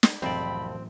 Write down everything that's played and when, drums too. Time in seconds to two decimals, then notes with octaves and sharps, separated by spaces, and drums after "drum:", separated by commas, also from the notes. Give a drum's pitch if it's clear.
0.03 drum: snare
0.22 C2 F2 A2 E3 F#3 C4 D5 B5